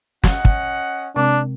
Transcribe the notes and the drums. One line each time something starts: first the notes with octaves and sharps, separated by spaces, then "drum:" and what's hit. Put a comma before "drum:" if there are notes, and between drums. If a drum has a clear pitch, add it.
C#4 D#5 F#5, drum: snare
drum: kick
C3 G#3 C4 D4